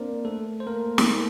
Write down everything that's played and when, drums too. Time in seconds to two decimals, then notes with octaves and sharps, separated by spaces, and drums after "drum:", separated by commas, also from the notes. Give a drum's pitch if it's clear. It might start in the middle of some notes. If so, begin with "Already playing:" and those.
Already playing: A#3 C4 D4 A#4 C5 D5
0.25 A3 A4
0.60 C5
0.67 A#3 A#4
0.98 drum: snare